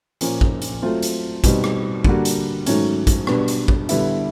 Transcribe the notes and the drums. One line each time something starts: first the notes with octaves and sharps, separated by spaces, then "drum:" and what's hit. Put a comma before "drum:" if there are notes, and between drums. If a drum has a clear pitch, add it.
A#2 F3 A#3 C#4, drum: hi-hat
drum: kick
drum: hi-hat
F#3 A3 C4 F4
drum: hi-hat
B2 G3 C4 D#4, drum: kick, hi-hat
drum: rim click
D3 G3 A#3 D4 F#4, drum: kick
drum: hi-hat
G#2 D#3 F#3 A3 C#4, drum: hi-hat
drum: kick, hi-hat
B2 G3 B3 D4, drum: rim click
drum: hi-hat
drum: kick
D3 G3 B3 E4, drum: hi-hat